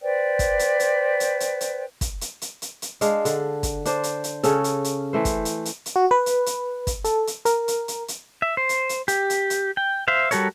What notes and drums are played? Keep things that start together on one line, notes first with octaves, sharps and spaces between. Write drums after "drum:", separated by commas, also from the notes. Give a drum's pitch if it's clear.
B4 C5 D5 G5
drum: kick, hi-hat
drum: hi-hat
drum: hi-hat
drum: hi-hat
drum: hi-hat
drum: hi-hat
drum: kick, hi-hat
drum: hi-hat
drum: hi-hat
drum: hi-hat
drum: hi-hat
G#3 D4 F5, drum: hi-hat
D3, drum: hi-hat
drum: kick, hi-hat
D4 C5 D5, drum: hi-hat
drum: hi-hat
drum: hi-hat
C#3 C#4 A4, drum: hi-hat
drum: hi-hat
drum: hi-hat
E3 A3 C5
drum: kick, hi-hat
drum: hi-hat
drum: hi-hat
drum: hi-hat
F#4
B4
drum: hi-hat
drum: hi-hat
drum: kick, hi-hat
A4, drum: hi-hat
drum: hi-hat
A#4, drum: hi-hat
drum: hi-hat
drum: hi-hat
drum: hi-hat
E5
C5
drum: hi-hat
drum: hi-hat
G4, drum: hi-hat
drum: hi-hat
drum: hi-hat
G5
C5 E5 F5
G3 F#4 A4 A#4 C#5, drum: hi-hat